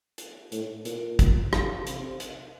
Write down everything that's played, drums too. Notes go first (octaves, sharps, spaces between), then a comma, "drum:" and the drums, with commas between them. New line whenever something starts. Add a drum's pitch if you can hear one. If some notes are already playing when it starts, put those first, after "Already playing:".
drum: hi-hat
A2, drum: hi-hat
A#2, drum: hi-hat
drum: kick, hi-hat
drum: rim click
C3, drum: hi-hat
drum: hi-hat